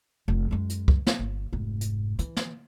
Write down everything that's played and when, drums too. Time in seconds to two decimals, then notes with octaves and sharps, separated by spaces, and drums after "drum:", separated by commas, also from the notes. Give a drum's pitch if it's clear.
0.28 F1 F2
0.51 F#2 G#3
0.69 drum: hi-hat
0.88 drum: kick
1.07 drum: snare
1.19 G1
1.53 F1 G#2
1.81 drum: hi-hat
2.19 E3, drum: hi-hat
2.37 drum: snare